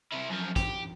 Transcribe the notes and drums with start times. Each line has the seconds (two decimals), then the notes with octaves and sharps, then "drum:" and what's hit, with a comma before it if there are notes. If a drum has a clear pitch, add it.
0.12 C3 E4
0.29 F#2 F3
0.56 G4, drum: kick, hi-hat